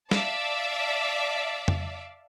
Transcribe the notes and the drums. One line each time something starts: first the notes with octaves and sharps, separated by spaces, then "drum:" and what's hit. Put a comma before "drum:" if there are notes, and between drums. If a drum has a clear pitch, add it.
D5 E5 F5 A5 D6, drum: snare
drum: tom F2